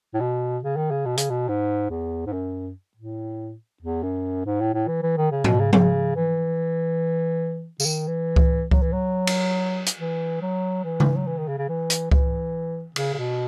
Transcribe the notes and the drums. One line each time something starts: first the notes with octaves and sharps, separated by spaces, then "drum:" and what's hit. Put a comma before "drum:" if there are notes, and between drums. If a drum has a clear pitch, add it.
A2
B2
C#3
D#3
C#3
B2
C#3, drum: hi-hat
B2
G#2
E2
G#2
F#2
A2
E2
F#2
G#2
A2
A2
E3
E3
D#3
C#3
B2, drum: tom
C#3
C#3, drum: tom F3
E3
C#3, drum: tambourine
D#3
E3
drum: kick C#2
F#3, drum: kick C#2
E3
F#3
drum: cymbal
drum: hi-hat
E3
F#3
E3
drum: tom C#3
F#3
E3
D#3
C#3
C#3
E3
drum: hi-hat
E3, drum: kick C#2
C#3, drum: cymbal
C#3
B2